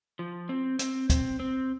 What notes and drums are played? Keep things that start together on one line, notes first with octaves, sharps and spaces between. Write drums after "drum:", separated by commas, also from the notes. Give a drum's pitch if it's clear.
F3
C4
C4, drum: hi-hat
C4, drum: kick, hi-hat
C4